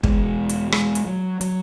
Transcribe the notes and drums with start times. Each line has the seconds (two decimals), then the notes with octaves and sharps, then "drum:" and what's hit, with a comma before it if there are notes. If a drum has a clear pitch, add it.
0.03 E2 B2 G#3, drum: kick
0.49 drum: hi-hat
0.72 G#3, drum: rim click
0.95 drum: hi-hat
1.07 F#3
1.41 F#3, drum: hi-hat